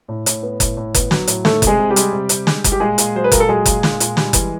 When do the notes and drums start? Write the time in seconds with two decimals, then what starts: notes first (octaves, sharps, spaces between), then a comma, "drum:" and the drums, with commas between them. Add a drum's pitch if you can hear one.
0.08 A2
0.26 A2, drum: hi-hat
0.43 B3
0.60 A2, drum: kick F#1, hi-hat
0.77 A2
0.94 B3, drum: kick F#1, hi-hat
1.11 F#3, drum: snare
1.27 A2, drum: hi-hat
1.45 D#3 A3 A4, drum: snare
1.62 C3, drum: kick F#1, hi-hat
1.67 G#3 G#4
1.79 C3
1.90 G3 G4
1.96 G#3, drum: hi-hat
2.13 C3
2.29 C3, drum: hi-hat
2.47 G#3, drum: snare
2.64 G#3, drum: kick F#1, hi-hat
2.72 G4
2.80 A#2 G#3 G#4
2.98 A#2, drum: hi-hat
3.15 F#3 C5
3.24 B4
3.32 A#2 A#4, drum: kick F#1, hi-hat
3.40 A4
3.49 F#3 G#3 G#4
3.66 A#2, drum: kick F#1, hi-hat
3.83 A#2, drum: snare
4.00 A#2, drum: hi-hat
4.17 G3, drum: snare
4.33 E3, drum: kick F#1, hi-hat